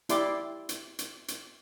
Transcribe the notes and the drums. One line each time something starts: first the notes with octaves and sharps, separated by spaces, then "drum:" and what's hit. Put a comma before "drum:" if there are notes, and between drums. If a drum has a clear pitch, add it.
E4 G4 D5 C6 D6, drum: hi-hat
drum: hi-hat
drum: hi-hat
drum: hi-hat